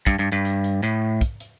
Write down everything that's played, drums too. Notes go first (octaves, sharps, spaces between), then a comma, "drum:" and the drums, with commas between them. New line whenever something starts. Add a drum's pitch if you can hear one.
G2, drum: kick, hi-hat
G2
G2
drum: hi-hat
drum: hi-hat
A2, drum: hi-hat
drum: kick, hi-hat
drum: hi-hat